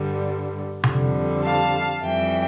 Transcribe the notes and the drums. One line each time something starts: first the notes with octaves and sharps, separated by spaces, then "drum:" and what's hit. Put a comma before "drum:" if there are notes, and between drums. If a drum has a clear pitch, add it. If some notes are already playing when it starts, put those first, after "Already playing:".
Already playing: G2 D3 G3
F2 D3 G3, drum: tom C3
F5 A5
F2 E3 G3 E5 G5